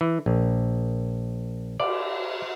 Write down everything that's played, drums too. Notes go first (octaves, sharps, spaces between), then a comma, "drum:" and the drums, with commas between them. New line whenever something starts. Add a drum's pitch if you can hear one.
E3
A#1
D5, drum: cymbal